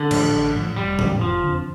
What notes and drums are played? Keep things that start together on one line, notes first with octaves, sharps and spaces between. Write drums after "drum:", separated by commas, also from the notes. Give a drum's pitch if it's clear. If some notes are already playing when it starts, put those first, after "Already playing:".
Already playing: D3
A2 F3, drum: cymbal
A1
A2 F3
F1 G3
F2 D3, drum: tom
F1 F3
F2 D3